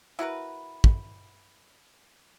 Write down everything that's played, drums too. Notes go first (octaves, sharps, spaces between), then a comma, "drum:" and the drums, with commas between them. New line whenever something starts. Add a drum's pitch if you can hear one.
E4 F#4 A#4 B4
drum: kick